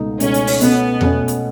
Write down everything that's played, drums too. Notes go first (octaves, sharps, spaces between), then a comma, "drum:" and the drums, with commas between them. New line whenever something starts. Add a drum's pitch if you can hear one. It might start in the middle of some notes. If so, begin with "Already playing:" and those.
Already playing: C#2 B2 A3 D#4
C#2 B2 A3 C#4 D#4, drum: hi-hat
drum: hi-hat
drum: open hi-hat
B2 A3 B3 C#4, drum: hi-hat
B2 A3 C#4, drum: tom E2
drum: hi-hat